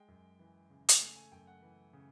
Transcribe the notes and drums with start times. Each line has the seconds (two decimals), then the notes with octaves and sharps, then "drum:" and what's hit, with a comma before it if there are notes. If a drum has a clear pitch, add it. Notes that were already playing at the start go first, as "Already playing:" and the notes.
Already playing: G#3 G5
0.08 F#2
0.39 E3
0.70 C#3
0.89 drum: hi-hat
1.00 A3 G#5
1.16 G#5
1.32 F#2 G5
1.47 F#5
1.63 E3
1.93 C#3